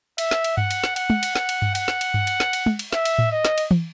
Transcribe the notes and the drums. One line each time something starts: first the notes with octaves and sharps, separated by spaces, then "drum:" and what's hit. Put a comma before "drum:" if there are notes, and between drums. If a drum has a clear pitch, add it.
E5, drum: cymbal
drum: snare
drum: cymbal
F#5, drum: tom G2
drum: cymbal
drum: snare
F#5, drum: cymbal
drum: tom
drum: cymbal
F#5, drum: snare
drum: cymbal
drum: tom G2
F#5, drum: cymbal
drum: snare
drum: cymbal
drum: tom G2
drum: cymbal
drum: snare
drum: cymbal
drum: tom
drum: cymbal
E5, drum: snare
drum: cymbal
drum: tom A2
D#5
drum: snare
drum: cymbal
drum: tom